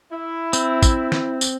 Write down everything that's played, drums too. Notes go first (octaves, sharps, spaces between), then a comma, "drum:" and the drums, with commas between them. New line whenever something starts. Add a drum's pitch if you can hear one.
E4
C4, drum: tambourine
drum: kick A1, tambourine
drum: snare
drum: tambourine